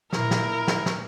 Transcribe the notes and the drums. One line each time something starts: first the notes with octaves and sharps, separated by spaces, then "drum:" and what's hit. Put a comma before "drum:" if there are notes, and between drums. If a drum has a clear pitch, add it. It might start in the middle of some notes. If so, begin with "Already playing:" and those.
A#2 E4 A#4, drum: snare
drum: snare
drum: snare
drum: snare